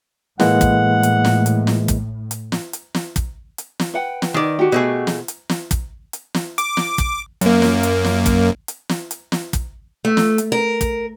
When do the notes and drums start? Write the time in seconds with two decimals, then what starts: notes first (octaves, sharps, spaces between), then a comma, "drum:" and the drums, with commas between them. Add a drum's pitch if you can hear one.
0.40 A2 E3 G#3 A#3 F#5, drum: snare
0.61 drum: kick, hi-hat
1.03 drum: hi-hat
1.25 drum: snare
1.46 drum: hi-hat
1.67 drum: snare
1.88 drum: kick, hi-hat
2.31 drum: hi-hat
2.52 drum: snare
2.73 drum: hi-hat
2.95 drum: snare
3.16 drum: kick, hi-hat
3.58 drum: hi-hat
3.80 drum: snare
3.94 B4 F#5 G5
4.22 drum: snare
4.34 D#3 D5
4.59 F#4 G4
4.72 B2 A3 G#4
5.07 drum: snare
5.28 drum: hi-hat
5.49 drum: snare
5.71 drum: kick, hi-hat
6.13 drum: hi-hat
6.34 drum: snare
6.58 D6, drum: hi-hat
6.77 drum: snare
6.98 drum: kick, hi-hat
7.41 F#2 A#3, drum: hi-hat
7.62 drum: snare
7.83 drum: hi-hat
8.04 drum: snare
8.26 drum: kick, hi-hat
8.68 drum: hi-hat
8.89 drum: snare
9.11 drum: hi-hat
9.32 drum: snare
9.53 drum: kick, hi-hat
10.05 A3
10.17 drum: snare
10.38 drum: hi-hat
10.52 A#4
10.81 drum: kick, hi-hat